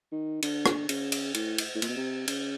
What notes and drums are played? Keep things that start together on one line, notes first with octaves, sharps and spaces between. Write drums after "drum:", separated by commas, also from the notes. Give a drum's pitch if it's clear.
D#3
D3, drum: cymbal
drum: rim click
C#3, drum: cymbal
drum: cymbal
A2, drum: cymbal
drum: cymbal
A2
A#2, drum: cymbal
B2
C3
C#3, drum: cymbal